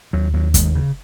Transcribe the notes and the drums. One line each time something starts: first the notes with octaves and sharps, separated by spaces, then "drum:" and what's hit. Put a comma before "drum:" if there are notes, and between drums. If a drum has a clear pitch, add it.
D#2 F#3
D#2 F#3
D#2 G#3, drum: kick F#1, hi-hat
C#3